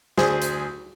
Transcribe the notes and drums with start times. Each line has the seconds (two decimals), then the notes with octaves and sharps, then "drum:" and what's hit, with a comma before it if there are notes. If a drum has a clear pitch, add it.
0.18 D2 G#4 C5, drum: snare
0.42 drum: hi-hat